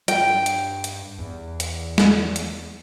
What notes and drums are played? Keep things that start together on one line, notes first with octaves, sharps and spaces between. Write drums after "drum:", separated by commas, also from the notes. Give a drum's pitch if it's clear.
G2 G5, drum: hi-hat
drum: hi-hat
drum: hi-hat
E2
drum: hi-hat
drum: snare
drum: hi-hat